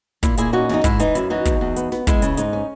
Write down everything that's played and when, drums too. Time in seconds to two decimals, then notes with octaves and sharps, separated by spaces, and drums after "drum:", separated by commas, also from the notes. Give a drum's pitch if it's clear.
0.23 A#2 E4, drum: kick, hi-hat
0.37 A#2 E4 G#4, drum: hi-hat
0.53 C#4 D#4 F#4
0.69 E2 D#4, drum: snare
0.84 G#2 E4, drum: kick, hi-hat
0.99 E3 D#4, drum: hi-hat
1.15 F#2 E4, drum: hi-hat
1.30 E3 D#4 F#4
1.45 E2, drum: kick, hi-hat
1.61 E2
1.76 B3, drum: hi-hat
1.92 B3, drum: snare
2.07 G#3 E4, drum: kick, hi-hat
2.22 C#3, drum: hi-hat
2.37 G#2 D#4, drum: hi-hat
2.53 C#4